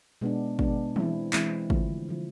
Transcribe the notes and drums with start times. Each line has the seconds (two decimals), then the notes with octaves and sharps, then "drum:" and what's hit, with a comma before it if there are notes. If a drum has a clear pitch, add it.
0.21 B2 G#3 B3 D4
0.59 B2 G#3 B3 D4, drum: kick
0.96 E3 G#3 C4 E4, drum: tom E3
1.33 E3 G#3 C4 E4, drum: clap
1.70 D3 F3 A3, drum: kick
2.09 D3 F3 A3